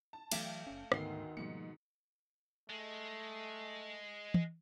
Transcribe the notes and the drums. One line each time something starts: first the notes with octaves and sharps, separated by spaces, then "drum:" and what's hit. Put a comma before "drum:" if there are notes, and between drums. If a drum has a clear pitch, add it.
A5
E3 F#3 A3 D5 E5 F5 G5, drum: cymbal
F#1 C#4
D2 G#2 D3 D#3 A3 B3 C6 C7, drum: rim click
G#2 B2 F3 G3 A#3 C#7
G#3 A3
drum: tom